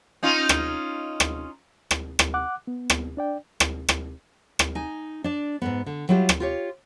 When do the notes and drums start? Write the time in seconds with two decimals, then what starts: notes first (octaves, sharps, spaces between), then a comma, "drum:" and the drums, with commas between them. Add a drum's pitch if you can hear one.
0.23 C#4 D#4 F4
0.49 drum: rim click
1.20 drum: rim click
1.91 drum: rim click
2.19 drum: rim click
2.34 F#5 D6 F#6
2.67 B3
2.90 drum: rim click
3.17 D4 D5 G5
3.60 drum: rim click
3.89 drum: rim click
4.59 drum: rim click
4.75 D#4 G#5
5.24 D4 D5
5.62 G#2 B2 B3
5.86 D3
6.09 F#3 G3 E4 F4 G4
6.29 drum: rim click
6.40 F4 G4 C#5